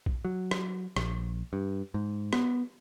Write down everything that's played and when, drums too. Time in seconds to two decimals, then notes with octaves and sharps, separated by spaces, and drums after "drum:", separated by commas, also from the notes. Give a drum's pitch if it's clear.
0.06 drum: kick A#1
0.25 F#3
0.51 drum: rim click
0.96 A#1, drum: rim click
1.53 G2
1.94 G#2
2.33 B3, drum: rim click